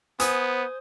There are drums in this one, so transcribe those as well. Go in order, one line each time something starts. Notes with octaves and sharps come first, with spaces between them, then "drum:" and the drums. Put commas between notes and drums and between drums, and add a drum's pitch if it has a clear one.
B3 C5 G#5 D#6, drum: hi-hat